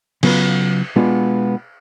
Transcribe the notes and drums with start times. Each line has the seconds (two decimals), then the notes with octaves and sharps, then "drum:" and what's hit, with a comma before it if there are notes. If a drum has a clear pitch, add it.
0.23 C#3 F#3 B3 F4 B4, drum: cymbal
0.96 B2 G#3 B3 D4 F4